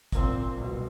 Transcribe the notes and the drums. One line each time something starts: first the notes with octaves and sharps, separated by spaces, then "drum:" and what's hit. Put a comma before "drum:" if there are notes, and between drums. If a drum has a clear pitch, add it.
A#2 C4, drum: kick, hi-hat
C2 B2